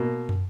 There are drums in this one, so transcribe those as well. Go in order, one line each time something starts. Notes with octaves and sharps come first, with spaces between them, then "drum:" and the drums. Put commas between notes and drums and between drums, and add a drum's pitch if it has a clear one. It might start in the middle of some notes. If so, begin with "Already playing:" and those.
Already playing: B2 A#3
drum: tom